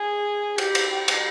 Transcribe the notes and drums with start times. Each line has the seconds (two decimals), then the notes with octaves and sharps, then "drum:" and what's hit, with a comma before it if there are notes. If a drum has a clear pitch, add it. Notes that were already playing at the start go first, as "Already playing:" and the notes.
Already playing: G#4
0.58 G4, drum: cymbal
0.75 drum: cymbal
0.91 G4
1.08 drum: cymbal